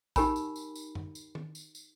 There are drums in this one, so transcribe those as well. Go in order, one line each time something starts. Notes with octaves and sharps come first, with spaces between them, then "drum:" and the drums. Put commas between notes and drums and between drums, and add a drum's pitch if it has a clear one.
D#4 G4 A#4 G#5 B5, drum: kick, tambourine
drum: tambourine
drum: tambourine
drum: tambourine
drum: tom F#2
drum: tambourine
drum: tom
drum: tambourine
drum: tambourine